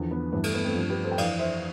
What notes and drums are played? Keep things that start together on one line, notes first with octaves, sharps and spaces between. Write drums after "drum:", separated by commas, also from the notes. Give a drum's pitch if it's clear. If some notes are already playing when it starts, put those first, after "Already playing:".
Already playing: E2 D3 F3
B3
G2 E3 B3
A3, drum: cymbal
B3
A3 C4
G2 F3
G4 B4
A4 C5
G5
F2 E3 D5 F5, drum: cymbal
C5 E5